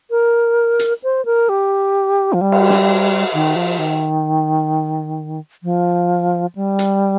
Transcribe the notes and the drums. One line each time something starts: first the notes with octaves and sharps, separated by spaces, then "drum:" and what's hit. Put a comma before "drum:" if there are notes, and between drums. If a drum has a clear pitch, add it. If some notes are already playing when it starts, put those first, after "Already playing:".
A#4
drum: hi-hat
C5
A#4
G4
F3
G3
drum: cymbal
drum: snare
D#3
F3
D#3
F3
G3
drum: hi-hat